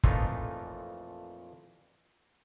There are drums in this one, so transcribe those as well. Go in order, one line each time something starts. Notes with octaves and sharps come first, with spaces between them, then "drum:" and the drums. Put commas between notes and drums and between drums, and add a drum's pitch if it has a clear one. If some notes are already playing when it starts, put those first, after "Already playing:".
F2 A#2 E3 A3 D#4 F4, drum: kick